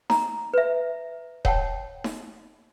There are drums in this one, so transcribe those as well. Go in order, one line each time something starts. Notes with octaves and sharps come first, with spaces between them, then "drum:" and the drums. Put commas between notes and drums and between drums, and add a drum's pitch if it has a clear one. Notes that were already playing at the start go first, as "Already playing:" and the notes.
A#5, drum: snare D#4
B4 E5
C#5 F#5 G5 A5, drum: kick D#1
drum: snare D#4